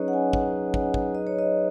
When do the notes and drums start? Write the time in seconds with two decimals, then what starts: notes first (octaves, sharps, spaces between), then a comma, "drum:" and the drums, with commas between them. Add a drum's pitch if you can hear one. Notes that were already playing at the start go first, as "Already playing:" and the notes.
Already playing: F#3 C#4 D#4 G#4 B4 C#5 D#5
0.08 F#5
0.13 G#5
0.33 F#5, drum: kick
0.74 drum: kick
0.94 drum: kick
1.15 D#5
1.27 C#5
1.39 D#5